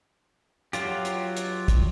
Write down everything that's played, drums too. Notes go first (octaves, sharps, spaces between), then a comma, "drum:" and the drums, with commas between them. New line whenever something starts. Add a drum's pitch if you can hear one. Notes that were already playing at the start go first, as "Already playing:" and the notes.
F#3 F4 G4, drum: hi-hat
drum: hi-hat
drum: hi-hat
drum: kick, hi-hat